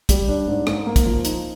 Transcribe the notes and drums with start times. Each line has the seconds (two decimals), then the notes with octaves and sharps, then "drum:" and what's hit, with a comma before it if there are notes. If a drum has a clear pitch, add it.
0.09 G3, drum: kick, hi-hat
0.28 D4
0.48 G#2
0.67 G#2, drum: rim click
0.86 A#3
0.96 drum: kick, hi-hat
1.06 F3
1.25 D#4, drum: hi-hat